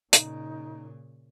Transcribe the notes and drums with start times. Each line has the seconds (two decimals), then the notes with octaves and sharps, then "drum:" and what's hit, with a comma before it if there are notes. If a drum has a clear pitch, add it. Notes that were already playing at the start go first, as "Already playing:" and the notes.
0.13 A#2 C#3 D#4, drum: hi-hat